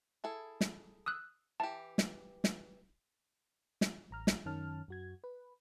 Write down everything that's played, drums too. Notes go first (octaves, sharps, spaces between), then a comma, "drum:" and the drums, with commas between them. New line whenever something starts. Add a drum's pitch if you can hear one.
E4 G#4 A4
drum: snare
D#6 E6 F#6
E3 G4 A5
drum: snare
drum: snare
drum: snare
A1 A#5 F6
drum: snare
F#2 D#3 C#4 A5 F6
F#2 F#4 G#6
B4